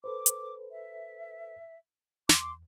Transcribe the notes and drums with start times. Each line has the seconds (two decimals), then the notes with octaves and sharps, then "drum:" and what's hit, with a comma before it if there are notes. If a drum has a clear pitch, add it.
0.04 A4 B4 C5 D6
0.26 drum: hi-hat
0.70 E5
2.29 E2 C6 D6, drum: snare